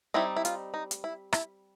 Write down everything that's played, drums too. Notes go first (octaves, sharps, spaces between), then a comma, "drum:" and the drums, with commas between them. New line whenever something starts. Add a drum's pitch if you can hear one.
G3 C4 D#4 E4
E4
F4, drum: hi-hat
D#4
drum: hi-hat
E4
E4, drum: rim click